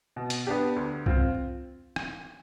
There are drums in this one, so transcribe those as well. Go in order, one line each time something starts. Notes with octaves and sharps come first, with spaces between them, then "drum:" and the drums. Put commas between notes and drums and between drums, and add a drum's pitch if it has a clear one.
B2
drum: hi-hat
B3 D4 G4
D2
C4 F4, drum: kick C2
drum: rim click